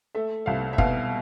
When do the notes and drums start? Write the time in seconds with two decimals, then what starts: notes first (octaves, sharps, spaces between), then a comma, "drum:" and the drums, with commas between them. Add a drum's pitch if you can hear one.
0.15 A3 E5
0.46 C2 F5
0.73 E5
0.78 B2 F5, drum: kick F#1